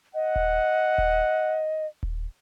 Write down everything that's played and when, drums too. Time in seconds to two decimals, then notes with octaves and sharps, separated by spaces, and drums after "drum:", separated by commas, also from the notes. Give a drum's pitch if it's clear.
0.15 D#5 F#5
0.36 drum: kick D#1
0.98 drum: kick D#1
2.03 drum: kick D#1